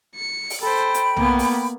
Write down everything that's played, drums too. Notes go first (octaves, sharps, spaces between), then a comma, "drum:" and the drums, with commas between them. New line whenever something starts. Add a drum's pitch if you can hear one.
C#7
drum: open hi-hat
A4 C5 G5 B5
drum: hi-hat
A#3 B3, drum: tom B1
drum: open hi-hat